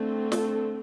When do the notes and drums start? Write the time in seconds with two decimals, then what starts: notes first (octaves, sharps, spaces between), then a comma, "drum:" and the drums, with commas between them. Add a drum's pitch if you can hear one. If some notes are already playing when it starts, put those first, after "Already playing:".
Already playing: D3 A3 C4
0.32 A4, drum: snare